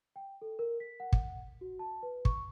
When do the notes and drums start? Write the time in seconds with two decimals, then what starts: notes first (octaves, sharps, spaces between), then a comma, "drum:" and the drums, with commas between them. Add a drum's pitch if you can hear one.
0.16 G5
0.42 A4
0.59 A#4
0.80 B6
1.00 F#5
1.13 drum: kick
1.61 F#4
1.79 A5
2.03 B4
2.25 C#6, drum: kick